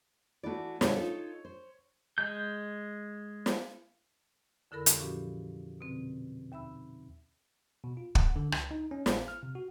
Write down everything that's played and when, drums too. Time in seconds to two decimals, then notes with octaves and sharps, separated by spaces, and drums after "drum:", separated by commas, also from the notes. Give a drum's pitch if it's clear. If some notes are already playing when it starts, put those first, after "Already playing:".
0.43 E3 A3 F#4 D5
0.81 B2 D3 G3 C#5, drum: snare
0.96 D#4 F4 A4
1.45 C5
2.18 G#3 G6
3.46 drum: snare
4.71 F2 D3 E4 A4 A#4 B5
4.86 drum: hi-hat
4.99 A#2 E3 F3 C#4 F#4 G4
5.81 B2 D3 C4
6.52 D#2 E5 B5 E6
7.84 B2
7.97 F4
8.15 F#5, drum: kick
8.36 D3
8.52 C#2, drum: rim click
8.71 D#4
8.91 C#4
9.06 A1, drum: snare
9.28 F6
9.43 C3
9.55 F#4